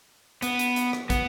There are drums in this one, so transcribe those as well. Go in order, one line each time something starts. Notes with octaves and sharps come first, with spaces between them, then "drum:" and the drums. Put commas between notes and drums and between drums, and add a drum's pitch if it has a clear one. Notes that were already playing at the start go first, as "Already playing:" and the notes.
B3, drum: hi-hat
drum: hi-hat
drum: hi-hat
drum: rim click
B3, drum: kick, hi-hat